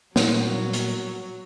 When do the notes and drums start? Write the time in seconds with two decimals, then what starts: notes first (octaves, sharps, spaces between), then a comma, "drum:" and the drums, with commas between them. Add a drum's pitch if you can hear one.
0.16 A#2 F#3 G3 B3, drum: snare
0.73 drum: hi-hat